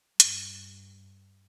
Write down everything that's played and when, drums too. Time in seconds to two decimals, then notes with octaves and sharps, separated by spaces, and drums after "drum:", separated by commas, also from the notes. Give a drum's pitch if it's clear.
0.20 G2, drum: hi-hat